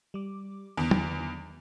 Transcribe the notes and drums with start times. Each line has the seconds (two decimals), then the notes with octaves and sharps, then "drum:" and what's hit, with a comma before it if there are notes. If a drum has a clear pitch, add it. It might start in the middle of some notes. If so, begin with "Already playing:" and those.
0.14 G3 D6
0.77 E2 D3 D#3
0.91 drum: tom